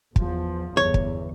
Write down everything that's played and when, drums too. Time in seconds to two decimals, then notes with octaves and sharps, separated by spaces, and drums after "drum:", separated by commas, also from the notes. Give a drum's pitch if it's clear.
0.16 E2 F3, drum: kick
0.77 G1 E2 C#5
0.94 drum: kick